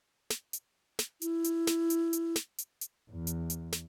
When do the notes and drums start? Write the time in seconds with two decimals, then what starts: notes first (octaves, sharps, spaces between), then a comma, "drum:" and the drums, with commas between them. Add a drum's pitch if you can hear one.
0.30 drum: snare
0.53 drum: hi-hat
0.99 drum: snare
1.22 E4, drum: hi-hat
1.44 drum: hi-hat
1.67 drum: snare
1.90 drum: hi-hat
2.13 drum: hi-hat
2.36 drum: snare
2.58 drum: hi-hat
2.81 drum: hi-hat
3.09 E2
3.27 drum: hi-hat
3.50 drum: hi-hat
3.72 drum: snare